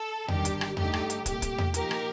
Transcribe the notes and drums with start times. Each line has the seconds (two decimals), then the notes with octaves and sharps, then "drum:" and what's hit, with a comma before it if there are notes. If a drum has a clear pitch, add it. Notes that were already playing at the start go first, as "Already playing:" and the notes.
Already playing: A4
0.28 G1 G2 D#3 G3 D4 G4, drum: tom E2
0.45 drum: hi-hat
0.61 drum: rim click
0.77 G2 D3 A3 D#4 G4, drum: tom E2
0.93 drum: rim click
1.10 drum: hi-hat
1.26 C2 A#2 A3 G4, drum: kick, hi-hat
1.42 drum: kick, hi-hat
1.58 drum: tom E2
1.74 A#2 F3 A#3 D#4 G4 A#4, drum: hi-hat
1.91 drum: rim click